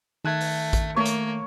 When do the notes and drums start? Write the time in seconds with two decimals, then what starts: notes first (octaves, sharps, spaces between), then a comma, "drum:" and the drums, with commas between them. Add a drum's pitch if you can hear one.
0.24 D#3 A3 F#6 G#6
0.41 drum: open hi-hat
0.73 drum: kick A1, hi-hat
0.96 A3 A#3 C#5
1.06 drum: hi-hat